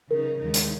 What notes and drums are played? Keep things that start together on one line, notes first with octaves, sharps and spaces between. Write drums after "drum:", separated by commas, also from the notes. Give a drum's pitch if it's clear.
C#3 F#3 D#4 A#4
D#2 C#3 G#3 D#4
drum: hi-hat